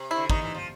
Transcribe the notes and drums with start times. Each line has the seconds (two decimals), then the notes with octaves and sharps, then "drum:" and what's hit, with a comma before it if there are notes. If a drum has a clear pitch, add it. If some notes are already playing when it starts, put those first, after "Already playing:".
Already playing: C3
0.11 E4
0.16 D3
0.30 D#3 D#4, drum: kick
0.42 E3
0.54 F3